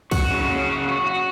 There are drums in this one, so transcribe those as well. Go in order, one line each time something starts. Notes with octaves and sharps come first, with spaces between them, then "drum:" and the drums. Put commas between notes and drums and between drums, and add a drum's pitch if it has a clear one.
F#4, drum: kick, cymbal
C#3
C#3
F#4
F#4
F#4